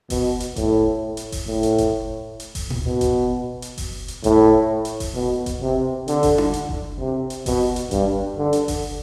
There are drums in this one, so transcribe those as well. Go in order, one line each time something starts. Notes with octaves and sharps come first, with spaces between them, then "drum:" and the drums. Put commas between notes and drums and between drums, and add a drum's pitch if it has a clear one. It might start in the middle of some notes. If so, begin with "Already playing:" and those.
B2, drum: kick F#1, open hi-hat
drum: hi-hat
A2, drum: kick F#1, hi-hat
drum: hi-hat
drum: kick F#1, open hi-hat
A2
drum: hi-hat
drum: kick F#1, hi-hat
drum: hi-hat
drum: kick F#1, open hi-hat
drum: tom A2
B2
drum: kick F#1, hi-hat
drum: hi-hat
drum: kick F#1, open hi-hat
drum: hi-hat
A2, drum: kick F#1, hi-hat
drum: hi-hat
drum: kick F#1, open hi-hat
B2
drum: kick F#1, hi-hat
C3
D3, drum: hi-hat
drum: kick F#1, open hi-hat
drum: tom D4
drum: hi-hat
drum: kick F#1
C3
drum: hi-hat
B2, drum: kick F#1, open hi-hat
drum: hi-hat
G2, drum: kick F#1, hi-hat
D3
drum: hi-hat
drum: kick F#1, open hi-hat